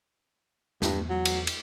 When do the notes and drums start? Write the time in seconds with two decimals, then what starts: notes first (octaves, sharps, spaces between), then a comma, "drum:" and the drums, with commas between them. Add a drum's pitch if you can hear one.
0.82 E2 G2, drum: snare
1.09 F#3
1.25 drum: cymbal
1.47 drum: cymbal